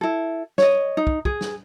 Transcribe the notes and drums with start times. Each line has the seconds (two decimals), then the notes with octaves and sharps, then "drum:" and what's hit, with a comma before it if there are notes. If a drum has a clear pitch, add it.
0.01 E4 A4
0.58 C#5 D#5, drum: snare
0.97 D#4
1.07 drum: kick
1.25 G#4, drum: kick
1.41 drum: snare